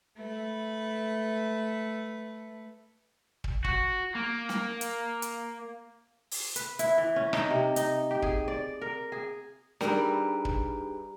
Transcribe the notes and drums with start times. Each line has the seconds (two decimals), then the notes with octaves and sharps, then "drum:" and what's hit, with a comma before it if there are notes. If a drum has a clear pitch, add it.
0.15 A3 B4
3.44 drum: kick
3.64 F#4, drum: kick
4.15 A#3
4.49 drum: snare
4.81 drum: hi-hat
5.22 drum: hi-hat
6.31 drum: open hi-hat
6.56 B4, drum: hi-hat
6.79 E4, drum: hi-hat
6.98 E3
7.16 C#4
7.33 D#4, drum: rim click
7.50 C3
7.76 D#4, drum: hi-hat
8.11 G4
8.22 G#4, drum: kick
8.48 D5
8.81 A#4
9.12 G#4
9.81 G3 D4 D#4 G4 G#4 A#4 B4 D7, drum: snare
10.45 drum: kick